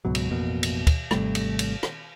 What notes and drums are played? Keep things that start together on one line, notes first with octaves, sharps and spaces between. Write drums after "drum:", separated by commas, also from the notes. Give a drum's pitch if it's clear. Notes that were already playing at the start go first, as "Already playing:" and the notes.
C#2 G#2 B2 F#3
drum: cymbal
A1 F2 B2 A#3
drum: cymbal
drum: kick, cymbal
G#1 C3 G3 A3, drum: rim click
drum: cymbal
drum: cymbal
drum: rim click